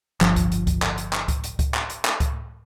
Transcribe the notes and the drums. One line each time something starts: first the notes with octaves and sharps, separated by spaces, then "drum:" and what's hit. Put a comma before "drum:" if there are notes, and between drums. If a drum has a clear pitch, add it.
G1 F3, drum: clap
drum: kick C#2, hi-hat
drum: hi-hat
drum: kick C#2, hi-hat
drum: clap
drum: hi-hat
drum: clap
drum: kick C#2, hi-hat
drum: hi-hat
drum: kick C#2, hi-hat
drum: clap
drum: hi-hat
drum: clap
drum: kick C#2, hi-hat